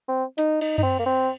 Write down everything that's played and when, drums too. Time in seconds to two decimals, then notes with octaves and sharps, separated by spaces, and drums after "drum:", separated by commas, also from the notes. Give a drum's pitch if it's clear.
0.08 C4
0.38 D#4, drum: hi-hat
0.61 D#4, drum: cymbal
0.78 D#4, drum: tom F#2
0.83 C4
0.99 A#3
1.06 C4